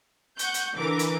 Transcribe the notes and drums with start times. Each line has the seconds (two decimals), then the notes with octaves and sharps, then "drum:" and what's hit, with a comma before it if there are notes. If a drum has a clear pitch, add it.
0.39 F#5 C#6 G6, drum: hi-hat
0.54 drum: hi-hat
0.76 D3 E3 A#4 D6
0.99 drum: hi-hat